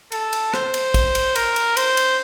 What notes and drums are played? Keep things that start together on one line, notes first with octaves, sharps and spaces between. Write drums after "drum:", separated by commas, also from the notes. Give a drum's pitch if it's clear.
A4, drum: cymbal
drum: cymbal
C5, drum: rim click
drum: cymbal
drum: kick, cymbal
drum: cymbal
A#4, drum: cymbal
drum: cymbal
C5, drum: cymbal
drum: cymbal